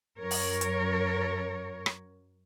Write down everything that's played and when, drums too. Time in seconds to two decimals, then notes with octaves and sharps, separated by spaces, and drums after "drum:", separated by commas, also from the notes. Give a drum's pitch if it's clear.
0.18 F#2 A#4 C#5
0.31 drum: open hi-hat
0.61 drum: hi-hat
1.86 drum: rim click